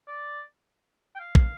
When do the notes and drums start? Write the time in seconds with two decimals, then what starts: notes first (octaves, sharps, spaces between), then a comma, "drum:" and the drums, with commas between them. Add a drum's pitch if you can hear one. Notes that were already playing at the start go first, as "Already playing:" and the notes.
0.08 D5
1.15 G5
1.20 F5
1.35 drum: kick